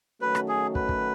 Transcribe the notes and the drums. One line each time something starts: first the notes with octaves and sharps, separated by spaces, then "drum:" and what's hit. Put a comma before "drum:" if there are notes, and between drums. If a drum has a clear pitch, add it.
D#3 F#3 A3 C#4 F#4 B4
drum: rim click
G#4
B4, drum: kick
drum: kick